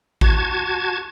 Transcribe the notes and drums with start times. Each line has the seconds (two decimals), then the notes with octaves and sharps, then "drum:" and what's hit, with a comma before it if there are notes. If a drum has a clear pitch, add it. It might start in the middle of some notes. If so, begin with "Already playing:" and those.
0.21 F#4 A5 G#6, drum: kick A1